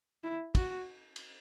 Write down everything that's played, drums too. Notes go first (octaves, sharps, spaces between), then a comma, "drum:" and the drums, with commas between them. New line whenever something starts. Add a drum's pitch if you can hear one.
E4
F#4, drum: kick, cymbal
drum: cymbal